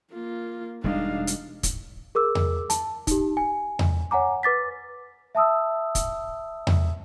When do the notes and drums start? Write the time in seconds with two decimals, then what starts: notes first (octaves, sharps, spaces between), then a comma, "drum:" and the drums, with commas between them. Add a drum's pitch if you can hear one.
0.13 A#3 F4
0.84 E1 G3 G#3 D4 D#4 F5
1.27 drum: hi-hat
1.63 drum: kick, hi-hat
2.15 G#4 A#4 D6 E6
2.35 drum: tom E2
2.70 A5, drum: hi-hat
3.07 D#4 G4, drum: kick, hi-hat
3.37 G#5
3.79 drum: tom E2
4.11 C#5 F#5 G#5 A#5 D6
4.43 B4 D6 A6 B6
5.35 E5 A5 D#6 E6
5.95 drum: kick, hi-hat
6.67 drum: tom E2